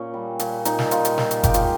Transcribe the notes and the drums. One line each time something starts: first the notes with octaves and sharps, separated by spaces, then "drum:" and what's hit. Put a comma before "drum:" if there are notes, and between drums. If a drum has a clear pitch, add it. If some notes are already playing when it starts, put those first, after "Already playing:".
Already playing: A#2 C#4
G3
A#2, drum: hi-hat
A#2 D#4, drum: hi-hat
drum: snare
G3 F4, drum: hi-hat
drum: hi-hat
A#2 F4, drum: snare
drum: hi-hat
G#3 G4, drum: kick F#1, hi-hat
F4, drum: hi-hat
G4